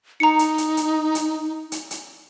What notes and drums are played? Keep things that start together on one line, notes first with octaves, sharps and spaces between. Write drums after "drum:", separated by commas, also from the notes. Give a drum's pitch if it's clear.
D#4 A#5 C#7
drum: hi-hat
drum: hi-hat
drum: hi-hat
drum: hi-hat
drum: hi-hat
drum: hi-hat